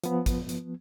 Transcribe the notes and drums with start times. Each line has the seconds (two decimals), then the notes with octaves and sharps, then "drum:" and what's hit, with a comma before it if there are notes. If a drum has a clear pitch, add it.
0.04 F3 B3, drum: hi-hat
0.26 drum: kick, hi-hat
0.49 drum: hi-hat